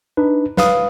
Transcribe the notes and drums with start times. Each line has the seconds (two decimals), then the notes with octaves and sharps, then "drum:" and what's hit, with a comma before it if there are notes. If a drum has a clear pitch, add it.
0.17 D4 D#4 B4
0.57 B4 F5 D#6, drum: snare